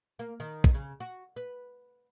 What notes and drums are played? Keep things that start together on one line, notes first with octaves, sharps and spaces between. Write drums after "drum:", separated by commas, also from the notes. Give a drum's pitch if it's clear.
A#3
D#3
drum: kick
C#3
F#4
B4